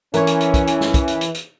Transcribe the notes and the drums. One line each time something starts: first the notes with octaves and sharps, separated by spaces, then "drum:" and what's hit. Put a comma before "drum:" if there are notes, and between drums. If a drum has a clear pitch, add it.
E3 C#4 A#4 C#5, drum: hi-hat
drum: hi-hat
drum: hi-hat
drum: kick, hi-hat
drum: hi-hat
drum: snare
drum: kick, hi-hat
drum: hi-hat
drum: hi-hat
drum: hi-hat